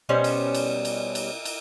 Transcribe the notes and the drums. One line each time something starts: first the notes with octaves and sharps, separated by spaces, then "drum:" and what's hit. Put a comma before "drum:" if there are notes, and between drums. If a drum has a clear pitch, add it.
B2 G3 C#4 C5
drum: cymbal
drum: cymbal
drum: cymbal
drum: cymbal
drum: cymbal